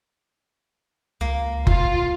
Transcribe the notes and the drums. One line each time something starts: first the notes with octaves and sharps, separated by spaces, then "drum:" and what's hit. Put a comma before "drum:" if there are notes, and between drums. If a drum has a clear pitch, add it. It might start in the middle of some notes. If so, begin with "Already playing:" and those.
C#2 A#3
F4, drum: kick F#1